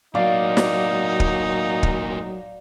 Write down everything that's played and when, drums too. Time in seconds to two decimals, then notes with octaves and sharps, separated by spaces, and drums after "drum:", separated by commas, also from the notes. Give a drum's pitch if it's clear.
0.15 A2 F#3 A#3 D#4 D5 F5
0.57 drum: snare
1.20 drum: kick
1.83 drum: kick